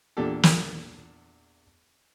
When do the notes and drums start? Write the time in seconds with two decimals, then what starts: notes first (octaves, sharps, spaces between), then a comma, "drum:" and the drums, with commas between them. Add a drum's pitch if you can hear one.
0.17 E2 A#2 D4 G4 A4
0.43 drum: snare